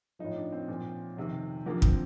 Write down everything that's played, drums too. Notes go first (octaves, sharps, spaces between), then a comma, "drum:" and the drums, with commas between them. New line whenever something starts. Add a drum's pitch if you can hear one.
A2 F3 D#4
D4
C4
A#2 F3
F2 C3 D#3
F2 D3 F3 A#3
C4, drum: kick